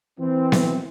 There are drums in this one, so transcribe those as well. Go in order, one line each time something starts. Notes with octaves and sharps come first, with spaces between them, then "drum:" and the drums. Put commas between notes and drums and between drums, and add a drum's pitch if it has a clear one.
E3 C4
drum: snare B3